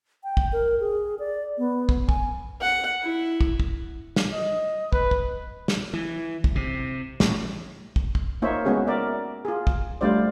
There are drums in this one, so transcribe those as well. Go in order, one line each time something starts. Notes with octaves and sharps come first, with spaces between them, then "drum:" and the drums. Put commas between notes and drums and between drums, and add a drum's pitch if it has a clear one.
G5
drum: kick
A#4
G#4
D5
B3
drum: kick
G#5, drum: kick
F#5
E4
drum: kick
drum: kick
drum: snare
D#5
B4, drum: kick
drum: kick
drum: snare
E3
drum: kick
C3
A1, drum: snare
drum: kick
drum: kick
A#3 D#4 F4 C5 C#5 E5
G#3 B3 C#4 F#4 G#4
A#4 D5 E5
F4 G#4
drum: kick
G3 A3 D4 F4 C5 D5